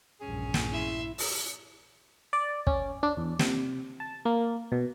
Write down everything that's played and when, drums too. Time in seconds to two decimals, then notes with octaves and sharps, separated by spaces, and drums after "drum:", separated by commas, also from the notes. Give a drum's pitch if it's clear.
0.20 A#1 E2 G2 C#4 G#4
0.54 drum: snare
0.71 E4 E5 C6
1.18 drum: open hi-hat
2.33 D5
2.67 C#4, drum: kick
3.03 D4
3.17 E2
3.39 C3, drum: snare
4.00 A5
4.25 A#3
4.72 B2